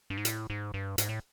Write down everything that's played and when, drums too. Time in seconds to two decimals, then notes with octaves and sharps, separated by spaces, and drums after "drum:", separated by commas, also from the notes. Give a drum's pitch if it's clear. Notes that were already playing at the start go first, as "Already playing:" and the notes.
0.10 G2
0.17 G#2
0.25 A2, drum: hi-hat
0.50 G#2
0.74 G2
0.98 G#2, drum: hi-hat
1.09 A2